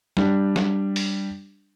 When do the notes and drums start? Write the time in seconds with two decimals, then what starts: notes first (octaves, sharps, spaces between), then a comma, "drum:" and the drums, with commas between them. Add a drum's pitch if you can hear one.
0.17 G3 D4, drum: snare
0.56 drum: snare
0.96 drum: open hi-hat